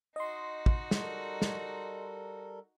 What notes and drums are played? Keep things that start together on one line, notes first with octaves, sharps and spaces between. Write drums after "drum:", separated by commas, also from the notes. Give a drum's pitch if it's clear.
D#4 F#4 D#5 C6
drum: kick
drum: snare
G3 A4 A#4
drum: snare